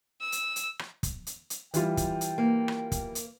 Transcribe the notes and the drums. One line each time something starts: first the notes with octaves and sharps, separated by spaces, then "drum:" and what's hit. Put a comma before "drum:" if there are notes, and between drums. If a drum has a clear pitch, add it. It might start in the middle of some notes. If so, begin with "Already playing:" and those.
E6
drum: hi-hat
drum: hi-hat
drum: rim click
drum: kick, hi-hat
drum: hi-hat
drum: hi-hat
E3 G3 F4 G5, drum: hi-hat
drum: kick, hi-hat
drum: hi-hat
A#3
drum: rim click
drum: kick, hi-hat
drum: hi-hat